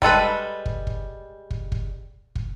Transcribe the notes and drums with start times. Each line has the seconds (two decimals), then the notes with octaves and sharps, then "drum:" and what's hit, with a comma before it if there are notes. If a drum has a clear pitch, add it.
0.02 G3 G#3 A4 B4, drum: kick
0.66 drum: kick
0.87 drum: kick
1.50 drum: kick
1.72 drum: kick
2.35 drum: kick